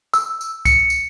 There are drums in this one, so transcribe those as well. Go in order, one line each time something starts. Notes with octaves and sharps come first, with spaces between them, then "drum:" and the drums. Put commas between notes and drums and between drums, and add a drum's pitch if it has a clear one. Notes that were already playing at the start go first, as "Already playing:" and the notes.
E6, drum: tambourine
drum: tambourine
C#7, drum: kick C2, tambourine
drum: tambourine